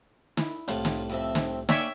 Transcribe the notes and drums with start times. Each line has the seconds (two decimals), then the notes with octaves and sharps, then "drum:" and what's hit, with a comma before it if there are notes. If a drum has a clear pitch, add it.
0.37 E4, drum: snare
0.68 C2 A2 F4, drum: hi-hat
0.85 drum: snare
1.10 F2 C4 E5
1.35 drum: snare
1.69 A#3 C#5 D5 E5 G5 G#5, drum: snare